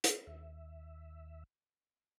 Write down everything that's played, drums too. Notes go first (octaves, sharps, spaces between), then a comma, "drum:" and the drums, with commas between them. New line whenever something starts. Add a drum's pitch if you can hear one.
drum: hi-hat
D#2 E5